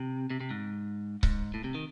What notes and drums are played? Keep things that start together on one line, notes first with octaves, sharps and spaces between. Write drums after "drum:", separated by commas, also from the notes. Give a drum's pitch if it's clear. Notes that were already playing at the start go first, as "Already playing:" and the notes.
Already playing: C3
C3
C3
G#2
G#2, drum: kick C#1
A2
C3
D#3